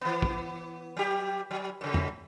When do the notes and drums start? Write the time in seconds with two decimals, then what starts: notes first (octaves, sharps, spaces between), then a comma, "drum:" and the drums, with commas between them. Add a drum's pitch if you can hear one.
0.01 E3 B3
0.22 drum: kick
0.97 F#3 G4
1.51 F#3
1.81 F#2 C#3
1.94 drum: tom